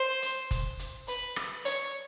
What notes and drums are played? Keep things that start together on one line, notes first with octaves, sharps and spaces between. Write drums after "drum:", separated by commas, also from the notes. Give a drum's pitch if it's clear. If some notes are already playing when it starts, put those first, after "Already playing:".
Already playing: C5
drum: hi-hat
drum: kick F1, hi-hat
drum: hi-hat
B4, drum: hi-hat
drum: rim click
C#5, drum: hi-hat